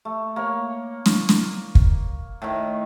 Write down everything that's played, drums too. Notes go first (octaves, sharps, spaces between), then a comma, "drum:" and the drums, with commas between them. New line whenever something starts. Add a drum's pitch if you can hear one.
A3
A#3 C#5
drum: snare
drum: snare
drum: kick
A2 D#3